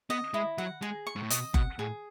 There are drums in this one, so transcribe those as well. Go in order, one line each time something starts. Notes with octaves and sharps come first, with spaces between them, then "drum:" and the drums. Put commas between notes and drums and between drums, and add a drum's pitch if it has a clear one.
B3 D#5
G#3 E4
F#3 F#5
G#3 G#4
C#6
G#2
A2
B2 D#5, drum: hi-hat
B2 F#5, drum: kick F#1
A2 G#4